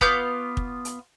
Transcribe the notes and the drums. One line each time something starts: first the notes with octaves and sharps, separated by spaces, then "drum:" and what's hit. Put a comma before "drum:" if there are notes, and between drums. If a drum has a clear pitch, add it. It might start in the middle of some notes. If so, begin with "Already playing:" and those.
B3 F4 D6 G6, drum: kick
drum: kick
drum: hi-hat